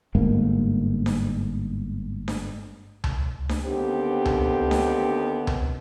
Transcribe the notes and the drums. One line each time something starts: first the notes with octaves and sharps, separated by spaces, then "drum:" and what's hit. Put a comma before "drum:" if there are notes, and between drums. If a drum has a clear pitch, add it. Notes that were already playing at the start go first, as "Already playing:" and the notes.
G1 G#2 G#3 A#3
drum: snare D4
drum: snare D4
drum: tom C#2
drum: snare D4
D#2 D3 B3 C4 G4
drum: tom C#2
drum: snare D4
drum: tom C#2